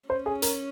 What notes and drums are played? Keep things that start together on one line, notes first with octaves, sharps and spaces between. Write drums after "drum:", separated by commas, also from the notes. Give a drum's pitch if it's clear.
C#4 C5
G#4
A#4, drum: hi-hat